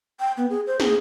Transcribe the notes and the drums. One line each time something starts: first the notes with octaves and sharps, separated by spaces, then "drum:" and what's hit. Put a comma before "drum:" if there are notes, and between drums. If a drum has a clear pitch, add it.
G5
B3
G#4
C5
G#4, drum: snare